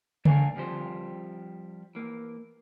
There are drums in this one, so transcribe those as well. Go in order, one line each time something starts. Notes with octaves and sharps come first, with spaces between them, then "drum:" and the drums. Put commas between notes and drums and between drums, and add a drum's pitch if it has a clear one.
A3 D4 D5 F5 G#5, drum: tom C#3
F2 F3 G3 C5
E3 A#3